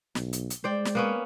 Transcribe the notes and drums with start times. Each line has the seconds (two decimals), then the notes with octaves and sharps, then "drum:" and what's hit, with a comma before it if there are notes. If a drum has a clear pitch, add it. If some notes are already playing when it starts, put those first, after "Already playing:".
0.15 B1, drum: snare
0.33 drum: hi-hat
0.50 drum: hi-hat
0.64 G#3 C5 D5 G5
0.85 drum: snare
0.95 A#3 B3 C#4